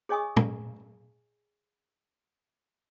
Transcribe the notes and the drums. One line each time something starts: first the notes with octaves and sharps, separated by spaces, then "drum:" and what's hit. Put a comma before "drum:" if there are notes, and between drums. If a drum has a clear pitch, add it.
G#4 C#5 D#5 G#5 C#6 D#6
drum: tom